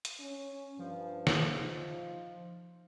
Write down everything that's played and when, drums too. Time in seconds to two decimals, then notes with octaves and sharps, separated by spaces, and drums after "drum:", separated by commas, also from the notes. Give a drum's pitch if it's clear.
0.05 drum: hi-hat
0.20 C#4
0.79 G2 F3
1.27 drum: snare
1.40 D#4